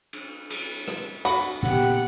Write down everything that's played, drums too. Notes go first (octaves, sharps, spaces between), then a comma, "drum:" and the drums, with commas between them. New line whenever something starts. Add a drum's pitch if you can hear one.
drum: cymbal
drum: cymbal
drum: rim click
F#4 B5, drum: cymbal
A#2 C#3 B3 G4 F#5